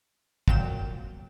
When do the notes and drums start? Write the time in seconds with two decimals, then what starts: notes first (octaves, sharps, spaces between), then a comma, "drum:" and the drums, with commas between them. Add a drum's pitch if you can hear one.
0.48 F2 A#2 F#3 F5 G5 E7, drum: kick